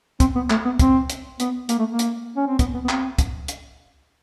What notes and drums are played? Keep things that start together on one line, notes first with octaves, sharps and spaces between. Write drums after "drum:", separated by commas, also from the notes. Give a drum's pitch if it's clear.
C4, drum: kick, hi-hat
B3
A3, drum: clap
B3
C4, drum: kick, hi-hat
drum: hi-hat
B3, drum: hi-hat
A#3, drum: hi-hat
A3
A#3
drum: hi-hat
C#4
C4
B3, drum: kick, hi-hat
B3
B3
C4, drum: clap
drum: kick, hi-hat
drum: hi-hat